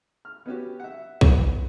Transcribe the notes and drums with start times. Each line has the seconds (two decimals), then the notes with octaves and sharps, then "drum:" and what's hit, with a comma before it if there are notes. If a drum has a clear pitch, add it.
0.25 F6
0.46 B3 C#4 F#4 G4
0.80 E5 F#5
1.21 B3, drum: kick